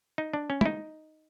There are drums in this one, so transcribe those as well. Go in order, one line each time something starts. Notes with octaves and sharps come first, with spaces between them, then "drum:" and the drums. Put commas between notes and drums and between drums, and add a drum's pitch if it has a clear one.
D#4
D4
C#4
E4, drum: tom
D#4